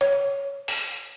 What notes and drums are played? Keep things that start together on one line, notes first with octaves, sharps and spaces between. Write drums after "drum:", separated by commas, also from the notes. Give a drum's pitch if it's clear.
C#5
drum: open hi-hat